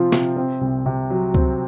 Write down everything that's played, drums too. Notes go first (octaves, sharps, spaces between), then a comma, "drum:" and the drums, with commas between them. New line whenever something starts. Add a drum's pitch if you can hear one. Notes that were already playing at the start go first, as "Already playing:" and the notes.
Already playing: C3 F3 C4 F4
C3, drum: snare
C4
C2
C3
F#3
C4, drum: kick C#2